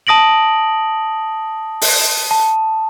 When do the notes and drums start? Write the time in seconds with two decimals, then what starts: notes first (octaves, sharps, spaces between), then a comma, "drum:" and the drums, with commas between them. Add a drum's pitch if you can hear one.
0.07 A5 D#6 A#6 D7 F#7
1.82 drum: open hi-hat
2.31 A5